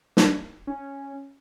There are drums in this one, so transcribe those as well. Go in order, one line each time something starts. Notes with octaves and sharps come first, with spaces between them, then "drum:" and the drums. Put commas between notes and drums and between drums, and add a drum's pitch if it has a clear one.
D4, drum: snare
C#4